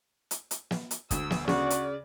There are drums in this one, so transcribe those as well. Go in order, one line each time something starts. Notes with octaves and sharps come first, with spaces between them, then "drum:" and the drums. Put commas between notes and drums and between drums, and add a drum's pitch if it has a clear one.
drum: hi-hat
drum: hi-hat
drum: snare
drum: hi-hat
D2 D#6 E6, drum: kick, hi-hat
drum: snare
C#3 F#4 D5, drum: snare
drum: hi-hat